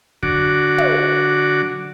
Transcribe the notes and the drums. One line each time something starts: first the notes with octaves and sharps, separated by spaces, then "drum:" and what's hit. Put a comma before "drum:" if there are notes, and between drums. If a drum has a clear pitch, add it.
D3 F#3 F#4 D6, drum: kick
drum: tom